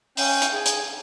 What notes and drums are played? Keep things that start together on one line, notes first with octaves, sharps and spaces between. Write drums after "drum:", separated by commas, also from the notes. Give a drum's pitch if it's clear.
C#4 G5, drum: open hi-hat
drum: hi-hat
G#4
drum: hi-hat